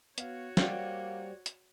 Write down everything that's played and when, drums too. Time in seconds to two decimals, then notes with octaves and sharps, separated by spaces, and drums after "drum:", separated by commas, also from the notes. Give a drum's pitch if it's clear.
0.18 B3 F#4 C#5 F5, drum: hi-hat
0.57 G3 A#3 C5 D5 F#5 G5, drum: snare
1.46 drum: hi-hat